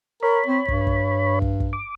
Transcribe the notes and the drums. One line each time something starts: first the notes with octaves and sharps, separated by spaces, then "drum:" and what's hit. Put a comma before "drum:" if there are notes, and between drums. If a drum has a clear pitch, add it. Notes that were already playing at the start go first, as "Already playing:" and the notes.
A#4 C#5 B5
C4
G2, drum: kick
drum: kick
drum: kick
drum: kick
D6